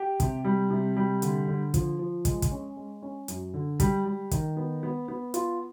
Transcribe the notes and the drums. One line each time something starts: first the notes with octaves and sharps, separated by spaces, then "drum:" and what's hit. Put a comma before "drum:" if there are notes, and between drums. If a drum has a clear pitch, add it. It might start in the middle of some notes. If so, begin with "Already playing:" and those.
Already playing: G4
C3, drum: kick, hi-hat
G3
C3
G3
D3, drum: hi-hat
D3
F3, drum: kick, hi-hat
F3
G#3, drum: kick, hi-hat
drum: kick, hi-hat
C#4
G#3
C#4
F#2, drum: hi-hat
D3
G3, drum: kick, hi-hat
G3
D#3, drum: kick, hi-hat
B3
B3
B3
F4, drum: hi-hat